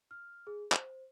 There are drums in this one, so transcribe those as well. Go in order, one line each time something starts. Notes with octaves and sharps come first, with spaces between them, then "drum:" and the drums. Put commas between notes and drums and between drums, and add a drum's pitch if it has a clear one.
F6
G#4
C5, drum: clap